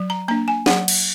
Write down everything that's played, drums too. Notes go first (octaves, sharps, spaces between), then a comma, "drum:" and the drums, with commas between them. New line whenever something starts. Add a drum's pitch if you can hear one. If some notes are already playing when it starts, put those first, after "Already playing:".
Already playing: F#3
A#5
A#3 D4 A#5
G#5
F#3 F#5, drum: snare
drum: cymbal